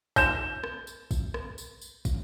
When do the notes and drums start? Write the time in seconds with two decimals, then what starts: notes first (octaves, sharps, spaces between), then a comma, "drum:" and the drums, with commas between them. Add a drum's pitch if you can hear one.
0.16 G6 E7, drum: kick, tambourine
0.64 drum: rim click
0.87 drum: tambourine
1.11 drum: kick, tambourine
1.34 drum: rim click
1.58 drum: tambourine
1.81 drum: tambourine
2.05 drum: kick, tambourine